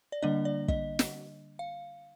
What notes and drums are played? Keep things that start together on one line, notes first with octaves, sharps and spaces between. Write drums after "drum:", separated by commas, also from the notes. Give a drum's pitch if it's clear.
D5
D3 G3 A#3 D4 D#5
D5
D#5, drum: kick
drum: snare
F5